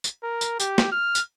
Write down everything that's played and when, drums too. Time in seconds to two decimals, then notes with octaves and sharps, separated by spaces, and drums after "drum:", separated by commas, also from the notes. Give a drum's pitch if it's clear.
0.04 drum: tambourine
0.23 A#4
0.41 drum: tambourine
0.60 G4, drum: tambourine
0.78 drum: snare
0.92 F6
1.15 drum: tambourine